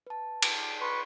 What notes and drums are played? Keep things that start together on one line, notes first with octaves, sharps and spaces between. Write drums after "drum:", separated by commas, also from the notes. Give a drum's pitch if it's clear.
B4 A5
drum: cymbal
B4 C6 C#6